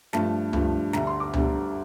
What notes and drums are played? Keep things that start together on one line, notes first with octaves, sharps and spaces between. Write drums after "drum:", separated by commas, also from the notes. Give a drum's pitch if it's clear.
G2 F3 A3 A5, drum: snare
G2 F3 A3, drum: tom C#2
D2 D3 G3 A#5, drum: snare
C6
D6
D2 D3 G3, drum: tom C#2